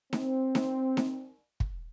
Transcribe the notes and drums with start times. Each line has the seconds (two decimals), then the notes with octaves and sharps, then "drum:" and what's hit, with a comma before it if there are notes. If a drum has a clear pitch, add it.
0.13 C4, drum: snare D#4
0.55 drum: snare D#4
0.97 drum: snare D#4
1.60 drum: kick